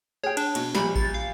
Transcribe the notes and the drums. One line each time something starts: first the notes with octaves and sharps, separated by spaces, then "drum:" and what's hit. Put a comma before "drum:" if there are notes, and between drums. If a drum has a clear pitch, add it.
G#4 C#5 G5
D4, drum: cymbal
B2, drum: cymbal
A#1 G3 B5, drum: snare
A6, drum: kick A1
F5